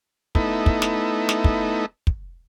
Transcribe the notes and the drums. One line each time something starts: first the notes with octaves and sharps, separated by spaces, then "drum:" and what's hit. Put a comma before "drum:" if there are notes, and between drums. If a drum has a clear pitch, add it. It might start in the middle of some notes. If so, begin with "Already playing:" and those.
A3 B3 D#4 E4, drum: kick
drum: kick
drum: snare
drum: snare
drum: kick
drum: kick